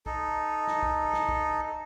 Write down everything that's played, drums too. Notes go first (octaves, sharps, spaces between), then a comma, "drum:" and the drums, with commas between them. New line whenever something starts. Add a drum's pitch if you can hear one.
D#4 A4, drum: kick
drum: snare
drum: kick
drum: snare
drum: kick